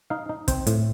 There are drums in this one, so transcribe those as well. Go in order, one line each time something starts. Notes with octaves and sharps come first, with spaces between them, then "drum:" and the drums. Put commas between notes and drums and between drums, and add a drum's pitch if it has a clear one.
D#4 F5
D#4
C4 G5, drum: kick, hi-hat
A2, drum: hi-hat